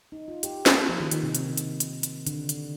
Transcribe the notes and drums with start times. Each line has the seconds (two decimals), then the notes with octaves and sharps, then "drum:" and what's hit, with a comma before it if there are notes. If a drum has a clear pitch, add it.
0.12 D#4
0.28 F4
0.43 G4, drum: hi-hat
0.66 A#3, drum: snare
0.89 F3
1.00 D#3
1.11 D#3, drum: hi-hat
1.23 C3
1.35 drum: hi-hat
1.57 drum: hi-hat
1.80 drum: hi-hat
2.03 drum: hi-hat
2.27 D3, drum: hi-hat
2.49 drum: hi-hat